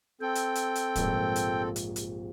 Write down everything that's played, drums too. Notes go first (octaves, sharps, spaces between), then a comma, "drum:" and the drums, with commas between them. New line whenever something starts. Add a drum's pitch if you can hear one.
C4 A4 G5
drum: hi-hat
drum: hi-hat
drum: hi-hat
F1 A#1 G#2, drum: kick, hi-hat
drum: hi-hat
drum: hi-hat
drum: hi-hat